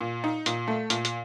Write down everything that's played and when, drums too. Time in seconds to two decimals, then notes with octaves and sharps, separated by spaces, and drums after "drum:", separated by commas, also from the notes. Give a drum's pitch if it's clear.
0.01 A#2
0.24 D#4
0.46 A#2, drum: hi-hat
0.68 A3
0.90 A#2, drum: hi-hat
1.05 drum: hi-hat